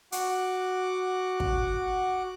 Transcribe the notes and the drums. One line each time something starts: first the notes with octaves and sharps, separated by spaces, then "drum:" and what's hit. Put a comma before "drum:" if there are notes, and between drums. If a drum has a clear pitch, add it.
F#4 F#5 D6, drum: hi-hat
drum: kick